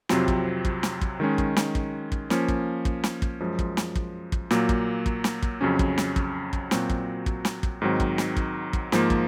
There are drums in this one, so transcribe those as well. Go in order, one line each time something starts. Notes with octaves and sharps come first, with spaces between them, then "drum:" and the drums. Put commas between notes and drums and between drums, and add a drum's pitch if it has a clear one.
F2 C3 F#3 C4 F4, drum: snare
drum: kick
drum: kick
drum: snare
drum: kick
D#3 G#3 C#4
drum: kick
drum: snare
drum: kick
drum: kick
F3 A#3 C#4, drum: snare
drum: kick
drum: kick
drum: snare
drum: kick
F#2 F3 G#3
drum: kick
drum: snare
drum: kick
drum: kick
A#2 F#3 A#3, drum: snare
drum: kick
drum: kick
drum: snare
drum: kick
F2 C#3 F#3 C#4
drum: kick
drum: snare
drum: kick
drum: kick
A#2 F#3 C4 F#4, drum: snare
drum: kick
drum: kick
drum: snare
drum: kick
G#2 D#3 F#3 C4
drum: kick
drum: snare
drum: kick
drum: kick
G#2 F3 A#3, drum: snare
drum: kick